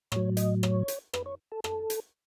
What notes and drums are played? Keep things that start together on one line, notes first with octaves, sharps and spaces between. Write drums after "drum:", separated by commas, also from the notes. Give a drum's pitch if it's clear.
A2 F#3 C#5, drum: rim click
D#5, drum: hi-hat
C#5, drum: rim click
drum: hi-hat
B4, drum: rim click
C#5
A4
A4, drum: rim click
drum: hi-hat